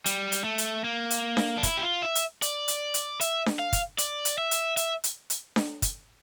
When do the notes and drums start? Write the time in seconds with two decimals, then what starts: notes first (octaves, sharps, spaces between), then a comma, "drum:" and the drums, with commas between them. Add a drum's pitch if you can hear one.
0.06 G3, drum: hi-hat
0.32 drum: hi-hat
0.44 A3
0.58 drum: hi-hat
0.84 A#3
1.10 drum: hi-hat
1.37 drum: snare D4
1.58 D4
1.63 E4, drum: kick, hi-hat
1.77 G4
1.83 F4
2.02 E5
2.15 drum: hi-hat
2.42 D5, drum: hi-hat
2.68 drum: hi-hat
2.94 drum: hi-hat
3.21 E5, drum: hi-hat
3.46 drum: snare D4
3.59 F5
3.73 drum: kick, hi-hat
3.98 D5, drum: hi-hat
4.25 drum: hi-hat
4.38 E5
4.51 drum: hi-hat
4.77 E5, drum: hi-hat
5.04 drum: hi-hat
5.30 drum: hi-hat
5.56 drum: snare D4
5.82 drum: kick, hi-hat